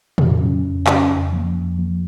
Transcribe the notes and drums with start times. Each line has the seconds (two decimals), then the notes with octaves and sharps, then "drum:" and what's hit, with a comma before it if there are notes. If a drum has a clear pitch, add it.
0.18 F2, drum: tom
0.41 C#3 F#3 C#4
0.64 F2
0.87 C#3 F#3 C#4, drum: clap
1.10 F2
1.32 F3 A#3
1.55 F2
1.78 F3 A#3